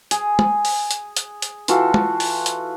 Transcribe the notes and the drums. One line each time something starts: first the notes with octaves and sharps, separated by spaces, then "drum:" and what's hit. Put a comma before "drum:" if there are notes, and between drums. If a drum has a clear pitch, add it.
G#4, drum: hi-hat
drum: tom
drum: open hi-hat
drum: hi-hat
drum: hi-hat
drum: hi-hat
E3 F4 F#4 A4, drum: hi-hat
drum: tom
drum: open hi-hat
drum: hi-hat